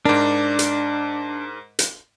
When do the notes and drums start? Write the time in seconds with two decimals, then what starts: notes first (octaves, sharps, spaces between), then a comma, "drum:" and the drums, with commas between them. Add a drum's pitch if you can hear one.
0.05 G#2 D4 A#4
0.59 drum: hi-hat
1.79 drum: hi-hat